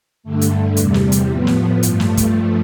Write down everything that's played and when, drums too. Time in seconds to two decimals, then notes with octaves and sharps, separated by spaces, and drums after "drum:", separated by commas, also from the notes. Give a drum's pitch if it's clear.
0.23 G2 D3 A3
0.41 drum: hi-hat
0.77 E2 C3 G3, drum: hi-hat
0.94 drum: snare
1.12 drum: hi-hat
1.29 A2 F3 B3
1.47 drum: snare
1.83 G2 F3 A3, drum: hi-hat
2.00 drum: snare
2.17 drum: kick, hi-hat